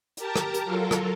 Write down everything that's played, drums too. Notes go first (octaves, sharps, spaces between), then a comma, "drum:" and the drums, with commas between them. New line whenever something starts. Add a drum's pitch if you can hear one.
G4 A#4 A5 A#5, drum: hi-hat
drum: rim click
drum: hi-hat
F#3 F4 A4 A#4
drum: rim click